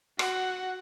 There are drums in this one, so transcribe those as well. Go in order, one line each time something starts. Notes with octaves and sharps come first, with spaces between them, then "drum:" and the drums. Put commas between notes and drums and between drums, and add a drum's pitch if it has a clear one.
F#4 F#5, drum: rim click